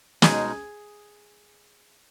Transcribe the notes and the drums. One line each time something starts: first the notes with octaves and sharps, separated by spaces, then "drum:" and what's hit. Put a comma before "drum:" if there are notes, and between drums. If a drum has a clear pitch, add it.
B2 G#3 D#4 G#4, drum: snare